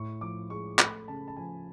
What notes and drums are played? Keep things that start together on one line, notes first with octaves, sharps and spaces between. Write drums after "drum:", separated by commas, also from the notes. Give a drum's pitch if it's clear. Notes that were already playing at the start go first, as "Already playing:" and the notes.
Already playing: A2 C#6
F3 D6
G#3 C#6
A3 B5, drum: clap
C#3 A5
A5
F3 G#5